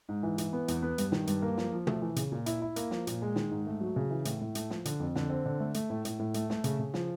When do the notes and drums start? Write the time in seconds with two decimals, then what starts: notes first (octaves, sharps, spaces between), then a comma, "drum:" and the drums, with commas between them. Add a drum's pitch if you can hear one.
0.09 G#2
0.23 E3
0.38 E3, drum: hi-hat
0.53 B3
0.68 E2, drum: hi-hat
0.82 B3
0.98 G2, drum: hi-hat
1.12 D#3, drum: snare
1.27 G2, drum: hi-hat
1.42 A#3
1.57 F3, drum: snare
1.72 F3
1.87 A3, drum: tom
2.02 E3
2.16 C#3, drum: hi-hat
2.32 A#2
2.46 E4, drum: hi-hat
2.62 E4
2.76 A#3, drum: hi-hat
2.91 F3, drum: snare
3.07 A#2, drum: hi-hat
3.22 G#3
3.36 D#3, drum: snare
3.51 G#2
3.67 A3
3.81 F#3
3.96 C#3
4.10 E3
4.25 A2, drum: hi-hat
4.41 A2
4.55 A3, drum: hi-hat
4.70 F3, drum: snare
4.85 D3, drum: hi-hat
5.00 F2
5.16 D3, drum: snare
5.30 C4
5.45 D3
5.60 A3
5.74 A3, drum: hi-hat
5.90 A2
6.05 A2, drum: hi-hat
6.19 A2
6.34 A3, drum: hi-hat
6.50 A3, drum: snare
6.64 C#3, drum: hi-hat
6.79 C#3
6.94 F3, drum: snare